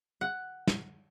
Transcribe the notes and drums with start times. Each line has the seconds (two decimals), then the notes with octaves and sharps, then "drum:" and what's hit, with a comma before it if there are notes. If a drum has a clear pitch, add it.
0.21 F#5
0.67 drum: snare